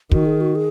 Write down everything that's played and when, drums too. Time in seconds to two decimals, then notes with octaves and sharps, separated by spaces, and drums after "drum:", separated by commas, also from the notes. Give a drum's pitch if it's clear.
0.11 D#3 F#4, drum: kick
0.26 G#4
0.41 F#4
0.55 G#4